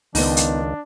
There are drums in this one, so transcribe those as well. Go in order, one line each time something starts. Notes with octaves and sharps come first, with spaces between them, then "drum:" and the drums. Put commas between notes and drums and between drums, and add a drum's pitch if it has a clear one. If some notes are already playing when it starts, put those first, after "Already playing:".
C#2 D#3 B3 D4 D#4, drum: open hi-hat
drum: hi-hat